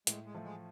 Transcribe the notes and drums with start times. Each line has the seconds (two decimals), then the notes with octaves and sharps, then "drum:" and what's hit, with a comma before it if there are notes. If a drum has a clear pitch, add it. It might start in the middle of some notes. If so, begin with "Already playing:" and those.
0.07 A2 G#3, drum: hi-hat
0.25 G#3
0.34 F3 A3
0.43 G#3